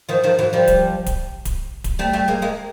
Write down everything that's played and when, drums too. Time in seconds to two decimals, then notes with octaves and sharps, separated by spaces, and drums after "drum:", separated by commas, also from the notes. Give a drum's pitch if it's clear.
0.09 D#3 F3
0.24 D#3 F3
0.39 E3 F#3
0.53 F3 G3
0.68 drum: kick D1, hi-hat
1.06 drum: kick D1, hi-hat
1.45 drum: kick D1, hi-hat
1.84 drum: kick D1, hi-hat
1.99 G3 A3
2.13 G3 A3
2.28 G#3 A#3
2.42 G#3 A#3